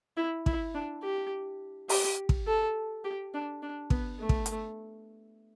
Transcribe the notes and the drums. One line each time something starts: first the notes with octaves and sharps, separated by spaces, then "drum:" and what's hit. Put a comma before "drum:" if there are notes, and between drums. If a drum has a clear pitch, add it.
E4
E4, drum: kick
D4
G4
G4, drum: open hi-hat
drum: kick
A4
G4
D4
D4
B3, drum: kick
A3
drum: kick
drum: hi-hat